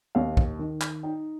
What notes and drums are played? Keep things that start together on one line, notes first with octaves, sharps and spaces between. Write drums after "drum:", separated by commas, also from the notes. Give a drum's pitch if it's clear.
D#2 F5
drum: kick B1
D#3
drum: clap
D#4 G5